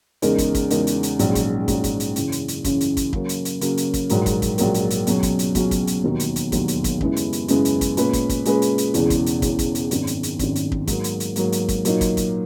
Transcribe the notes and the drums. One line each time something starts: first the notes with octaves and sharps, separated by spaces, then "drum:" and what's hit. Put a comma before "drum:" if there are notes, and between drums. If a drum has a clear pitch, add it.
E2 C#3 G#3 D#4 A#4, drum: hi-hat
drum: kick, hi-hat
drum: kick, hi-hat
E2 C#3 G#3 D#4 A#4, drum: hi-hat
drum: hi-hat
drum: hi-hat
A#1 G#2 F#3 C#4, drum: hi-hat
drum: kick, hi-hat
A#1 G#2 F#3 C#4, drum: kick, hi-hat
drum: kick, hi-hat
drum: hi-hat
F#2 C#3 E3, drum: hi-hat
drum: hi-hat
drum: hi-hat
F#2 C#3 E3, drum: kick, hi-hat
drum: hi-hat
drum: kick, hi-hat
C#3 F#3 A#3, drum: kick
drum: hi-hat
drum: hi-hat
C#3 F#3 A#3, drum: hi-hat
drum: hi-hat
drum: kick, hi-hat
A#1 G#2 F#3 A#3, drum: hi-hat
drum: kick, hi-hat
drum: kick, hi-hat
A#1 G#2 F#3 A#3, drum: hi-hat
drum: hi-hat
drum: hi-hat
C#2 B2 F#3 C#4, drum: hi-hat
drum: kick, hi-hat
drum: hi-hat
C#2 B2 F#3 C#4, drum: kick, hi-hat
drum: kick, hi-hat
drum: hi-hat
E1 D#2 D#3 F#3
drum: hi-hat
drum: hi-hat
E1 D#2 D#3 F#3, drum: kick, hi-hat
drum: hi-hat
drum: kick, hi-hat
F#2 C#3 G#3 B3 E4, drum: kick
drum: hi-hat
drum: hi-hat
F#2 C#3 G#3 B3 E4, drum: hi-hat
drum: hi-hat
drum: kick, hi-hat
A#2 G#3 C#4 G#4 B4, drum: hi-hat
drum: kick, hi-hat
drum: kick, hi-hat
A#2 G#3 C#4 G#4 B4, drum: hi-hat
drum: hi-hat
drum: hi-hat
E1 E2 C#3 E3, drum: hi-hat
drum: kick, hi-hat
drum: hi-hat
E1 E2 C#3 E3, drum: kick, hi-hat
drum: kick, hi-hat
drum: hi-hat
G#1 F#2 D#3, drum: hi-hat
drum: hi-hat
drum: hi-hat
G#1 F#2 D#3, drum: kick, hi-hat
drum: hi-hat
drum: kick
G#2 F#3 A#3, drum: kick, hi-hat
drum: hi-hat
drum: hi-hat
G#2 F#3 A#3, drum: hi-hat
drum: hi-hat
drum: kick, hi-hat
A#2 F#3 A#3 D#4, drum: hi-hat
drum: kick, hi-hat
drum: kick, hi-hat